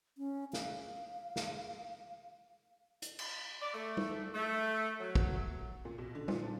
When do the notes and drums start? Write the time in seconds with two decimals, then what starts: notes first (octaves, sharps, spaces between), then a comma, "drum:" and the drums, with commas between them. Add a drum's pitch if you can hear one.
0.18 C#4
0.53 F5, drum: snare
1.36 drum: snare
3.02 drum: hi-hat
3.19 drum: cymbal
3.62 D5
3.74 A3
3.97 drum: tom G3
4.34 A3
5.00 F#3
5.15 drum: kick
5.85 A#2
5.98 B2
6.15 D3
6.28 A#2, drum: tom G3
6.43 D4